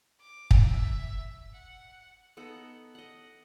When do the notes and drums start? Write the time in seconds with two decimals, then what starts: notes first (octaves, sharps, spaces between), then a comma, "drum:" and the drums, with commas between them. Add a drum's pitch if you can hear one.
0.21 D6
0.51 drum: kick
0.68 E5
1.53 F#5
2.37 B3 D#4 A4 F#5
2.95 D#5 F#5